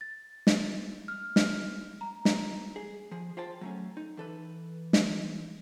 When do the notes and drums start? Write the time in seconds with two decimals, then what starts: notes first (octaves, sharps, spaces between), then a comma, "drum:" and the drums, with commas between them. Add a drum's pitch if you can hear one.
0.01 A6
0.47 drum: snare
1.08 F6
1.36 drum: snare
2.01 A#5
2.25 drum: snare
2.76 G#4
3.11 F3 G#4
3.37 F4 C5 G5 A5
3.61 F#3 A3 C#4
3.97 D#4
4.17 E3 A4 B4
4.93 drum: snare